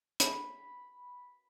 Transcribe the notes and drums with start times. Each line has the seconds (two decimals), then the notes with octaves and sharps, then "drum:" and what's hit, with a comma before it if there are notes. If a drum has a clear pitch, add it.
0.20 B5, drum: hi-hat